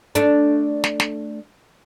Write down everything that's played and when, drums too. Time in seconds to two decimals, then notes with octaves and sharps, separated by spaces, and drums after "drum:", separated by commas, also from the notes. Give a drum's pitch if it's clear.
0.15 A3 D4, drum: hi-hat
0.84 drum: snare
1.00 drum: snare